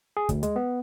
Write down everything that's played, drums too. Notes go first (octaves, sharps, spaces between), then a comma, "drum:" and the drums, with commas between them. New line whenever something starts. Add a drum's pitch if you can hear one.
G#4
D2, drum: kick, hi-hat
G#3, drum: hi-hat
B3